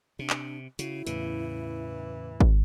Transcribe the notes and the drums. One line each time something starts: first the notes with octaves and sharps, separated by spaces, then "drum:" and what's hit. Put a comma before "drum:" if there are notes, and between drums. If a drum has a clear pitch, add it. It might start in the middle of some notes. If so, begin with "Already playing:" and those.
C3 D4
drum: clap
C#3 E4 F#4, drum: hi-hat
E2 A2 C#3 E3, drum: hi-hat
drum: kick G#1